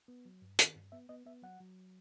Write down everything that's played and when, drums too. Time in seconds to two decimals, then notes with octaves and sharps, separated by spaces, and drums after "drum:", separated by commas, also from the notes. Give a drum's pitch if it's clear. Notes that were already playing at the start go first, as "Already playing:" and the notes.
0.08 B3
0.25 F#3
0.42 G2
0.59 D#3, drum: hi-hat
0.76 G2
0.92 B3 E5
1.09 B3 D#5
1.26 B3 E5
1.43 F#3 F#5
1.60 F#3